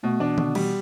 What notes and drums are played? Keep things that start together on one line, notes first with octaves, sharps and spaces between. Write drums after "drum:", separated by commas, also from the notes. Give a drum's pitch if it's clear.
B2 A3
E3 D4
B2 D3, drum: tom D#3
E3 G3, drum: cymbal